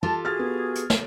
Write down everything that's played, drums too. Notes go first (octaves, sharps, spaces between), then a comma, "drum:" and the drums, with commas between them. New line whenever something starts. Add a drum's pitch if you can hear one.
F4 G4 A4 A5
F#4 G#4 F6 A6
B3
drum: hi-hat
drum: snare